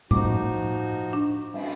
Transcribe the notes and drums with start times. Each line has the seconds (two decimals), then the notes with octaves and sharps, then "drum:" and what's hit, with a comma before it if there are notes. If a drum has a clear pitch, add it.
0.11 F3 D#4 F#4 D6, drum: tom A2
1.13 D4
1.54 drum: cymbal